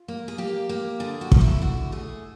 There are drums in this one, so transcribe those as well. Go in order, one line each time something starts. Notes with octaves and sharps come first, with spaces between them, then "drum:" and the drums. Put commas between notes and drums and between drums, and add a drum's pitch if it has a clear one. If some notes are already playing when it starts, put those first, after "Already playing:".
Already playing: F4
A#3
G#4
A#3 G4
A#3
D3 G#4
F#4
F3, drum: kick
E4
D3 F#4
A3 G#4